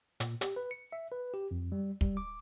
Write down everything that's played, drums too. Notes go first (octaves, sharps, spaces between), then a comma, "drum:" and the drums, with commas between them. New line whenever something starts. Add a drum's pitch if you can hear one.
A#2, drum: hi-hat
G4, drum: hi-hat
B4
C#7
E5
B4
G4
F2
G3
G3, drum: kick
D6